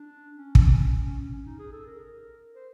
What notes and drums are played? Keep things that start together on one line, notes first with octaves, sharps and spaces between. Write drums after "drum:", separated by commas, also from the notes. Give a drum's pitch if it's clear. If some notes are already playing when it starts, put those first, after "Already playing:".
Already playing: D4
C#4
C#4, drum: kick
C4
C#4
C#4
C#4
C#4
C#4
D#4
G#4
A4
A#4
C5